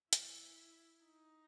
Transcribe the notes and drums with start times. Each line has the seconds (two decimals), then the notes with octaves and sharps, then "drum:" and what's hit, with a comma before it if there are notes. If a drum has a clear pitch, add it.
0.13 E4, drum: hi-hat
1.04 D#4